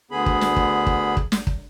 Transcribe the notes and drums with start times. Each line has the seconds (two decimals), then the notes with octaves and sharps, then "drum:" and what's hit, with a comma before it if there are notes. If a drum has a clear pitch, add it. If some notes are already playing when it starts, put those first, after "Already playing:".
0.11 D2 D3 B3 G#4 B5
0.26 drum: kick
0.41 drum: snare
0.56 drum: kick
0.87 drum: kick
1.17 drum: kick
1.32 drum: snare
1.47 drum: kick